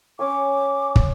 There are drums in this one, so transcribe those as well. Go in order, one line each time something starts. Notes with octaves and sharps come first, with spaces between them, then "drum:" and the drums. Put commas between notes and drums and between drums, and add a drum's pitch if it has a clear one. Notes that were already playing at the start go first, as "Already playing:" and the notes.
C#4 G#5 C#6 D6
drum: kick